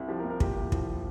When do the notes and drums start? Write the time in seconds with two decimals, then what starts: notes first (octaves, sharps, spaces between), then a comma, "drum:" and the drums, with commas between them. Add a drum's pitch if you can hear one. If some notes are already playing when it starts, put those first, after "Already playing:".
Already playing: C2 C3
0.08 F3 G4
0.19 A#4
0.24 C2
0.30 A#4
0.40 A#2 G4, drum: kick
0.56 C2
0.72 F3, drum: kick